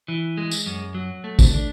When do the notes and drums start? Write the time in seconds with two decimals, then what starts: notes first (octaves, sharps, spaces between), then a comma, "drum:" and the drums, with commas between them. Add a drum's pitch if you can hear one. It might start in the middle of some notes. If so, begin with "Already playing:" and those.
0.08 E3
0.37 G#3
0.51 drum: tambourine
0.66 F#2
0.95 F#3
1.24 A3
1.39 drum: kick, tambourine
1.53 D4